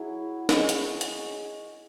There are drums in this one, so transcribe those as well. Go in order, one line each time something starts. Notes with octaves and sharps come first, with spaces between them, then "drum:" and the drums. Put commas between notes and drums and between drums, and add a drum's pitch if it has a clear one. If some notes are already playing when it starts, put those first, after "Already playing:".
Already playing: F#3 E4 G#4
C#4 G#4 D#5, drum: snare
drum: hi-hat
drum: hi-hat